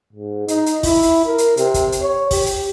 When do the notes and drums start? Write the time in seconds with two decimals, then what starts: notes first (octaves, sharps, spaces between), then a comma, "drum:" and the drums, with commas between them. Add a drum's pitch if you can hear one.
0.13 G#2
0.48 D#4, drum: hi-hat
0.66 drum: hi-hat
0.83 E4, drum: kick, open hi-hat
1.02 drum: hi-hat
1.26 A#4
1.38 drum: hi-hat
1.57 C3, drum: hi-hat
1.74 drum: kick, hi-hat
1.92 drum: hi-hat
2.02 C#5
2.31 G4, drum: kick, open hi-hat
2.46 drum: hi-hat